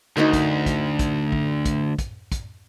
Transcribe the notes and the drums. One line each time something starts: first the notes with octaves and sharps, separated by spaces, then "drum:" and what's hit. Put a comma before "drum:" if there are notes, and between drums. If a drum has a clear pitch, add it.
D2 D#4 F#4 A#4
drum: kick, hi-hat
drum: kick, hi-hat
drum: kick, hi-hat
drum: kick
drum: kick, hi-hat
drum: kick, hi-hat
drum: kick, hi-hat